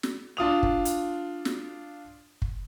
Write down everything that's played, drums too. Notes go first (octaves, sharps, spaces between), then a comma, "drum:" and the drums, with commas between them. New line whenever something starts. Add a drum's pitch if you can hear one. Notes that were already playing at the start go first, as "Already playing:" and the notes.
drum: snare
D4 F4 D#6 F7
drum: kick
drum: hi-hat
drum: snare
drum: kick